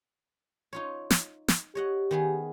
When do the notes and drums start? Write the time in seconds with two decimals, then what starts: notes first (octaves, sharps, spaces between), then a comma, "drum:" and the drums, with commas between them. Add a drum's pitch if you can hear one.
0.73 D#4 F4 C#5
1.10 drum: snare
1.48 drum: snare
1.75 G4 C#5 D#5 F#5
2.11 D#3 B3 G#4